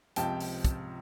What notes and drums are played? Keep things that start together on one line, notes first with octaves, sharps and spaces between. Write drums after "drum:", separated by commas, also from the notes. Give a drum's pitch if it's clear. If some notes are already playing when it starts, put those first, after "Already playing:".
C#2 C3 F3 G5 A5, drum: hi-hat
drum: open hi-hat
drum: kick, hi-hat